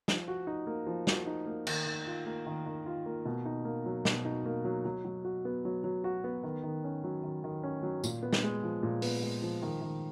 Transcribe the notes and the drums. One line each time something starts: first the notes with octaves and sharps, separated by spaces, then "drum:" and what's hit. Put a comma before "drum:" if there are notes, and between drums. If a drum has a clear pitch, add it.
F3, drum: snare
F#4
D#4
A#3
F3
F#4, drum: snare
D#4
A#3
D#3, drum: cymbal
D#3
F4
A#3
D#3
D#3
F4
A#3
B2
D#4
A#3
F#3
B2, drum: snare
D#4
A#3
F#3
F#3
F#3
F#4
B3
F#3
F#3
F#4
B3
D#3
D#3
C#4
F#3
D#3
D#3
C#4
F#3
A#2, drum: tambourine
B3
drum: snare
G#3
F3
A#2
B3, drum: open hi-hat
G#3
F3
D#3
D#3